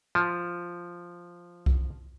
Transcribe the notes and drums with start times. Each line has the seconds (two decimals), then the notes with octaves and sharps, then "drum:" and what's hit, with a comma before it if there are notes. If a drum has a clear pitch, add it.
0.15 F3
1.66 drum: kick C2